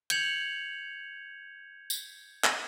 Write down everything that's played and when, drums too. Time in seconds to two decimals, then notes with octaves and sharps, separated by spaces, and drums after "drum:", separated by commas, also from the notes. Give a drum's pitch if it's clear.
0.10 G6 G#6 C#7 F7 F#7, drum: hi-hat
1.90 drum: tambourine
2.44 drum: clap